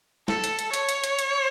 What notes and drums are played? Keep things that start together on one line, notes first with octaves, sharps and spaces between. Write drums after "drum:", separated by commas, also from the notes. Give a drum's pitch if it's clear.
A4, drum: snare
drum: hi-hat
drum: hi-hat
C#5, drum: hi-hat
drum: hi-hat
drum: hi-hat
drum: hi-hat